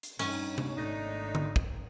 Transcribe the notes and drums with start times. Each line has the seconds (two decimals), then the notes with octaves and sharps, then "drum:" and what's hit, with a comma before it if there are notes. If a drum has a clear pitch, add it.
0.03 drum: hi-hat
0.19 G2 C#4 D#4, drum: cymbal
0.58 drum: tom C3
0.76 G#1 A3 D4 D#4
1.35 drum: tom D3
1.56 drum: kick